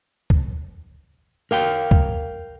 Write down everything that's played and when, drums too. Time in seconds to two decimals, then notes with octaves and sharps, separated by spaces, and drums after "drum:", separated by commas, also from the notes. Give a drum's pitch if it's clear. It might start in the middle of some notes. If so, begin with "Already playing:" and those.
0.30 drum: kick
1.51 A#4 F5 G5
1.91 drum: kick